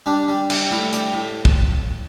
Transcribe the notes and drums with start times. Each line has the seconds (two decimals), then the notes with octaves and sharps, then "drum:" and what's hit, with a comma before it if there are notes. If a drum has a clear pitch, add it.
0.06 G3 D4
0.28 G3
0.50 G3, drum: cymbal
0.71 A2 E4
0.93 G3, drum: hi-hat
1.13 A2
1.45 drum: kick